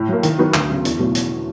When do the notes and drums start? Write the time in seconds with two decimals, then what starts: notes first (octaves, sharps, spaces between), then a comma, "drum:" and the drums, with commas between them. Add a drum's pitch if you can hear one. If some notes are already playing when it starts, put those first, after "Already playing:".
Already playing: A2
0.08 F#3 A#3
0.23 D#3, drum: hi-hat
0.38 F#3 B3 D#4 F#4
0.54 D2, drum: clap
0.69 C#3 F#3
0.85 E2, drum: hi-hat
0.99 B2 F#3 A3
1.15 drum: hi-hat